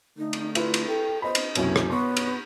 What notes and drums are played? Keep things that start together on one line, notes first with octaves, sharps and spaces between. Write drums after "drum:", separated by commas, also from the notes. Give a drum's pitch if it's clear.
D3 A3 D#4
drum: cymbal
E4 F4 B4 E5, drum: cymbal
drum: cymbal
A4 G5
B3 F4 B4 C5 D#5 B5
drum: cymbal
C2 F#2 B2 A#3 C#5, drum: cymbal
drum: rim click
F#2 B2 B3 C#5 C6 C#6
drum: cymbal